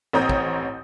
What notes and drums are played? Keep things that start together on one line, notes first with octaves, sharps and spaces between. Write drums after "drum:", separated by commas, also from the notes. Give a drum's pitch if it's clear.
A1 C4 C#5 A#5 D#6 G6
drum: kick